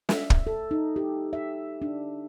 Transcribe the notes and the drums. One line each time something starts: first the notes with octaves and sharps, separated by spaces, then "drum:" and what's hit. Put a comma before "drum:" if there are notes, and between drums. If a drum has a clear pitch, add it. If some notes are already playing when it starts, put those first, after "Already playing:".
E5, drum: snare
drum: kick
A4
D#4
G4
E5
D4